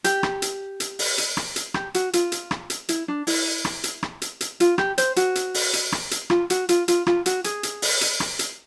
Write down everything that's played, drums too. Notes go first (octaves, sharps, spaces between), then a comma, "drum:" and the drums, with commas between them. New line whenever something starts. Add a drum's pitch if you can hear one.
G4, drum: hi-hat
drum: rim click
drum: hi-hat
drum: hi-hat
drum: open hi-hat
drum: hi-hat
drum: rim click
drum: hi-hat
G4, drum: rim click
F#4, drum: hi-hat
F4, drum: hi-hat
drum: hi-hat
drum: rim click
drum: hi-hat
E4, drum: hi-hat
D4
E4, drum: open hi-hat
drum: rim click
drum: hi-hat
drum: rim click
drum: hi-hat
drum: hi-hat
F4, drum: hi-hat
G4, drum: rim click
C5, drum: hi-hat
F#4, drum: hi-hat
drum: hi-hat
drum: open hi-hat
drum: hi-hat
drum: rim click
drum: hi-hat
F4, drum: rim click
F#4, drum: hi-hat
F4, drum: hi-hat
F4, drum: hi-hat
F4, drum: rim click
F#4, drum: hi-hat
G#4, drum: hi-hat
drum: hi-hat
drum: open hi-hat
drum: hi-hat
drum: rim click
drum: hi-hat